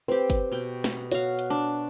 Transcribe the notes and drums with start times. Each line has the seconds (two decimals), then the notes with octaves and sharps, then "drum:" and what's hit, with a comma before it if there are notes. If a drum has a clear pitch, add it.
0.08 C4 G4 B4
0.30 drum: kick G1, hi-hat
0.52 B2 G5
0.84 drum: snare
1.12 F#4 C#5 F5, drum: hi-hat
1.39 drum: hi-hat
1.50 D4